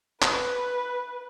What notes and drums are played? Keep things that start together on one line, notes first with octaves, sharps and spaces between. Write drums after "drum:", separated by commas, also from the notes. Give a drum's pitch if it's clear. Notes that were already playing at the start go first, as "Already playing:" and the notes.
B4, drum: clap